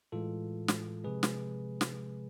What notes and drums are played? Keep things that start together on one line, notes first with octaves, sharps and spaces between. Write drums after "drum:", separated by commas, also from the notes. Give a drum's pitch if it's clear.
A2 E3 G#3 F4 A4
drum: snare
C3 F3 G#3 G#4 B4
drum: snare
drum: snare